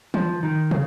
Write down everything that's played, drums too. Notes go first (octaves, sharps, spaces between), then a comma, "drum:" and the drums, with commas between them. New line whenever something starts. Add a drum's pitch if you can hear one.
F3, drum: tom
D#3
C#3, drum: tom